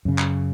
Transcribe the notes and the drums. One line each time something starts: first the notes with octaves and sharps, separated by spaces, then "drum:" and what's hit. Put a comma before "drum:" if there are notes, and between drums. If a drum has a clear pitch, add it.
F#2 C#3
drum: clap